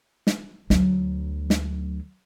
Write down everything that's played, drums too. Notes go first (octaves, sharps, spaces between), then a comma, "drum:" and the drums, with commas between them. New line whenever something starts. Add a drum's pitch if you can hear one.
drum: snare
D2 F#3, drum: snare
drum: snare